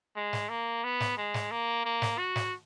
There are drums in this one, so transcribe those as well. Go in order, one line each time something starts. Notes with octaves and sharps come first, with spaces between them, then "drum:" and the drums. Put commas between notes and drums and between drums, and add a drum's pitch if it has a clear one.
G#3
drum: snare
A#3
B3
drum: snare
G#3
drum: snare
A#3
A#3
drum: snare
F#4
drum: snare